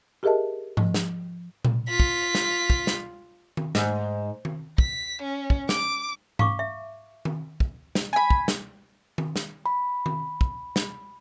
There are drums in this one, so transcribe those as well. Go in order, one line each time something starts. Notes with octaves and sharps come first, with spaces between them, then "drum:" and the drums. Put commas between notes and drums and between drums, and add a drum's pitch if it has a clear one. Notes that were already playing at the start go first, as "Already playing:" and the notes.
G4 G#4 A#4 D#5 E5 A5
F3, drum: tom G#2
drum: snare
drum: tom A#2
F4 B6
drum: kick
drum: snare
drum: kick
drum: snare
drum: tom D#3
G#2, drum: snare
drum: tom D#3
B6, drum: kick
C#4
drum: kick
D6, drum: snare
F5 C#6 D6, drum: tom G#2
E5
drum: tom D#3
drum: kick
drum: snare
G#5 B5
drum: kick
drum: snare
drum: tom D#3
drum: snare
B5
drum: tom D#3
drum: kick
drum: snare